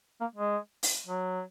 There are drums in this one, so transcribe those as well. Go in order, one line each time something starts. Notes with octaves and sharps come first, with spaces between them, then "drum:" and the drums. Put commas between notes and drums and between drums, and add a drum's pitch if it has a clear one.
A#3
G#3
drum: open hi-hat
F#3